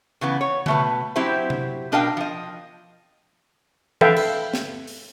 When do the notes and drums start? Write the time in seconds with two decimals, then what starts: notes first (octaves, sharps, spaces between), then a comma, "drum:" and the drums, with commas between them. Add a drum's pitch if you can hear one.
0.21 C#3 E3 B3
0.41 C#5
0.66 B2 A3 B4, drum: tom C#3
1.16 F#3 C4 E4 G4 C5 E5
1.50 drum: tom C3
1.92 B2 D4 A#4 D#5 F5 G5
2.17 F3 D#5
4.01 A4 B4 E5 F5 G5, drum: tom E3
4.16 drum: cymbal
4.54 drum: snare
4.87 drum: open hi-hat